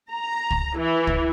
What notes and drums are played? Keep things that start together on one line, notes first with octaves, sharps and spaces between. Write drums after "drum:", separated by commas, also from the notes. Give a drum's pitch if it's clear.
A#5
drum: kick
E3
drum: kick